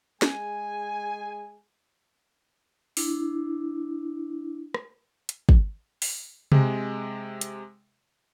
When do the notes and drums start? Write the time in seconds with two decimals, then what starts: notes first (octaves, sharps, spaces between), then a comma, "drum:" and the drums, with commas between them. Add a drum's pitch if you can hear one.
0.22 G#3 G#4 G#5, drum: snare
2.97 D4 E4, drum: open hi-hat
4.74 drum: rim click
5.29 drum: hi-hat
5.49 drum: kick
6.02 drum: open hi-hat
6.52 C3 G#3, drum: tom C3
7.41 drum: hi-hat